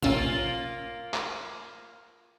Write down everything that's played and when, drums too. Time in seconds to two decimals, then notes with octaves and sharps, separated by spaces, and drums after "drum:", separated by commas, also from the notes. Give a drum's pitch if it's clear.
0.02 A#1 A#3 C#4 F4 E6, drum: tom C3
1.14 drum: clap